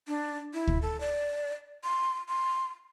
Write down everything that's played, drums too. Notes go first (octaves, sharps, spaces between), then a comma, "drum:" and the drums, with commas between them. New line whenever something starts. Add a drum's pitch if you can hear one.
D4
E4
drum: kick
A4
D5
C6
C6